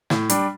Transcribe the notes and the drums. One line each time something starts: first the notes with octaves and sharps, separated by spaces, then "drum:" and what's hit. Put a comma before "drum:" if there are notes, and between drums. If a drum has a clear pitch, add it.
A2, drum: snare
G3 D4, drum: hi-hat